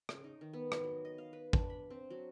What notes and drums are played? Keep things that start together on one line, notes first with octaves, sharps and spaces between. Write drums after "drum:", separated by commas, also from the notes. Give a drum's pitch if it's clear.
C#3, drum: rim click
D#4
D#3
B3
drum: rim click
F#3
D#5
F5
B4
D4, drum: kick A1
B5
C4
F#3